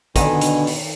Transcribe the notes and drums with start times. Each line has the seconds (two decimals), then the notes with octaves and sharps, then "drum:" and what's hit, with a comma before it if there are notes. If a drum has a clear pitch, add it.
0.16 B2 D3 D#3 G#5, drum: kick, hi-hat
0.41 drum: hi-hat
0.67 drum: open hi-hat